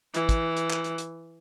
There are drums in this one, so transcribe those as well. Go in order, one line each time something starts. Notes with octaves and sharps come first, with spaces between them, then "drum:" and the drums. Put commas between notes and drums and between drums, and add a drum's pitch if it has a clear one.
E3, drum: hi-hat
drum: kick, hi-hat
drum: hi-hat
drum: clap
drum: hi-hat
drum: hi-hat